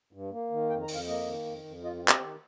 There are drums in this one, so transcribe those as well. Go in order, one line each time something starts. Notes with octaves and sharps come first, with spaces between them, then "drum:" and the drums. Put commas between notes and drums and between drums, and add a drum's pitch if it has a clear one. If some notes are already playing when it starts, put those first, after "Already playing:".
G2
A#3
D#3
F2 G5
A#5
F2, drum: open hi-hat
F5
A#3 D#5
D#3
F2
F2
F4 D#5
F4
C4
G4, drum: clap
D#3